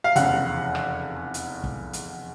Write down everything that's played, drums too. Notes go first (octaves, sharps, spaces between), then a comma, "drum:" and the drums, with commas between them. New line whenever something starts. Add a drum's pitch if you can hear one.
F5
F1 E2 C#3 F#5, drum: hi-hat
drum: rim click
drum: hi-hat
drum: kick
drum: hi-hat